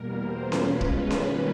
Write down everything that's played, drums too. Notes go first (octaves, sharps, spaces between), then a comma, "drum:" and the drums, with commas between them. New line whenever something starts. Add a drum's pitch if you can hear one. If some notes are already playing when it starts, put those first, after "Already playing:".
Already playing: E2 B2 G3 A#3 A#4
C5
B2 G#3 C#4 F4 B4, drum: snare C#4
drum: kick
D#3 G3 A#3 C#4, drum: snare C#4